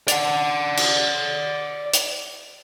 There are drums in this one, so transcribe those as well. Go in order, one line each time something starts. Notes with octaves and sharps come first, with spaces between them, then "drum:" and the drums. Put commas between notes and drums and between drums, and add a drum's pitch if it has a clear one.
D5 F#5, drum: hi-hat
drum: cymbal
drum: hi-hat